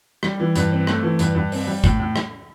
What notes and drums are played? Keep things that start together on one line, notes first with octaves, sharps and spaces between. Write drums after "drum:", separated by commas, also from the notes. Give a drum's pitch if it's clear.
G3, drum: rim click
E3
G2, drum: hi-hat
C4
A3, drum: rim click
E3
G2, drum: hi-hat
G2
C4, drum: open hi-hat
G3
A2, drum: kick, hi-hat
A2
drum: rim click